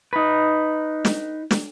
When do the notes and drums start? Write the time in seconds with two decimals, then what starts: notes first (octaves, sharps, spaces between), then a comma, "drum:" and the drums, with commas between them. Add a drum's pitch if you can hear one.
0.13 D#4 B4
1.05 drum: snare
1.51 drum: snare